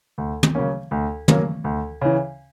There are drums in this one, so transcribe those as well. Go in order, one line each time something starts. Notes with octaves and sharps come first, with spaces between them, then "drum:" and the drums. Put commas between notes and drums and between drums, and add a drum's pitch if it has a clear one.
D2
drum: tom
C#3 F#3 A#3 C#4
D2
C#3 F#3 A#3 C#4, drum: tom
D2
C#3 E3